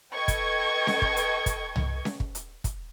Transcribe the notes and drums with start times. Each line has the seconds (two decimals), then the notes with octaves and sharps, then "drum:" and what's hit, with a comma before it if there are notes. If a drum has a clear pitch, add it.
0.13 A4 B4 D#5 G5 C#6 G#6
0.28 drum: kick, hi-hat
0.87 drum: snare C#4
1.02 drum: kick
1.17 drum: hi-hat
1.46 drum: kick, hi-hat
1.76 drum: tom C2
2.05 drum: snare C#4
2.20 drum: kick
2.35 drum: hi-hat
2.64 drum: kick, hi-hat